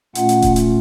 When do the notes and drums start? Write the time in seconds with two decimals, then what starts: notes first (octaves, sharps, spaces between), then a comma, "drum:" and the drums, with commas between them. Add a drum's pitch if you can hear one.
0.15 A#2 A3 C#4 F4 F#5, drum: hi-hat
0.29 drum: hi-hat
0.42 drum: kick D#1, hi-hat
0.56 drum: hi-hat